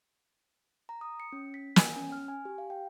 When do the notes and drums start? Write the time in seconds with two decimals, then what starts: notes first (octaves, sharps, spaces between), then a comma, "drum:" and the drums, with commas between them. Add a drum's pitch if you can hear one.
0.89 A#5
1.01 D#6
1.20 C#7
1.32 C#4
1.54 B6
1.76 G#5, drum: snare
1.97 C#4
2.12 F6
2.28 G#5
2.45 G4
2.58 F5
2.70 G5